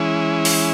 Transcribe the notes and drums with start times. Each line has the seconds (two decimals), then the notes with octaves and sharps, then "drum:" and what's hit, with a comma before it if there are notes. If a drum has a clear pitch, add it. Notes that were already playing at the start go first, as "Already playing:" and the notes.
Already playing: E3 G#3 C#4 E4
0.45 drum: open hi-hat